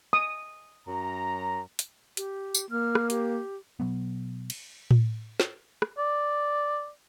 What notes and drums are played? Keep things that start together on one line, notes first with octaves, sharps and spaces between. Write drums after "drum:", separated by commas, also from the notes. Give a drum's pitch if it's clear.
D#6
F#2 A#5
drum: hi-hat
G4, drum: hi-hat
drum: tambourine
A#3 F6
drum: rim click
G4, drum: hi-hat
B2 F#3 B3
drum: cymbal
drum: tom A2
drum: snare
drum: rim click
D5